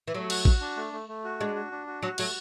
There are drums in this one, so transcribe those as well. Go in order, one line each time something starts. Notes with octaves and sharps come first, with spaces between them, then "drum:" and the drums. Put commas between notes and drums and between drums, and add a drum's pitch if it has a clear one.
E3
F#3 A3
F#4, drum: cymbal
F#4, drum: kick A1
D4
A3
A3
A3
F#4
G#3 D4
F#4
D4
F#4
F#3 F#4
F#3 A3, drum: cymbal